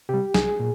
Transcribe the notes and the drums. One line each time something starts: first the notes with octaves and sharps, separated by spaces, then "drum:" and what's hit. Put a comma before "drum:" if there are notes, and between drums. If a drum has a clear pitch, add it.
C3 G3 G4
C2 G#4, drum: snare
A#2